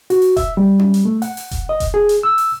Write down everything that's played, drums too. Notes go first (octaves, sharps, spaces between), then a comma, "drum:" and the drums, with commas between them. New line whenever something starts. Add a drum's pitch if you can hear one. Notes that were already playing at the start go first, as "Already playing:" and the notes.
F#4, drum: open hi-hat
drum: open hi-hat
E5, drum: kick E1, hi-hat
G3
drum: tom C#4
drum: hi-hat
A3
F#5, drum: open hi-hat
drum: open hi-hat
drum: kick E1, hi-hat
D#5
drum: kick E1, hi-hat
G#4
drum: hi-hat
E6
drum: open hi-hat